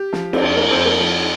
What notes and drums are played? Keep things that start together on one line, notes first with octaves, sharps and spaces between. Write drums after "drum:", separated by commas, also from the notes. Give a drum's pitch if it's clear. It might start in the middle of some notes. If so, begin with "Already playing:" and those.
Already playing: G4
F3, drum: snare
C4, drum: cymbal
F2 D4
A#3
F2 C4
A#3
F3